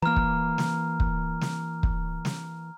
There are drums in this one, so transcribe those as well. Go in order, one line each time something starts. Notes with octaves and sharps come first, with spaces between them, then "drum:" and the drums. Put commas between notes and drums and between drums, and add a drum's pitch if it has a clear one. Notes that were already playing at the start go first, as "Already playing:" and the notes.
E3 A#3 A#5 F6
drum: kick
drum: snare
drum: kick
drum: snare
drum: kick
drum: snare